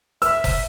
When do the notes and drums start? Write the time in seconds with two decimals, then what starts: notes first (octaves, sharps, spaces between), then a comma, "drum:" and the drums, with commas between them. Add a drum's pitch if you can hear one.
0.22 E5 E6, drum: hi-hat
0.44 drum: kick F#1, open hi-hat